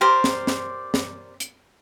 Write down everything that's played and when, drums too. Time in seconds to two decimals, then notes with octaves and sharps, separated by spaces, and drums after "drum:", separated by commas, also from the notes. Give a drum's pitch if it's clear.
0.01 G4 A#4 C5 D5
0.24 drum: snare
0.47 drum: snare
0.94 drum: snare
1.40 drum: hi-hat